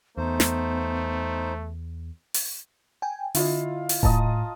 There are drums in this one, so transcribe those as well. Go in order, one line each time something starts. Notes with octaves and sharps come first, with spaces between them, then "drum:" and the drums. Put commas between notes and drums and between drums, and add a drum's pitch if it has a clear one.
E2 A3 B3 D#4 C5
drum: snare
drum: open hi-hat
G5 G#5
D3 E4 F4 D#5, drum: open hi-hat
drum: open hi-hat
A2 D#5 A5 A#5, drum: kick D#1